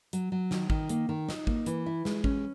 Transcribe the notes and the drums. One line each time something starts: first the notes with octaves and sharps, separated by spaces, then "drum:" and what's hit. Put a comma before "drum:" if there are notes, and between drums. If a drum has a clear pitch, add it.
F#3, drum: hi-hat
F#3
D#3, drum: snare
D#3, drum: kick
A#3, drum: hi-hat
D#3
D#4, drum: snare
A#3, drum: kick
E3, drum: hi-hat
E4
G#3, drum: snare
C#4, drum: kick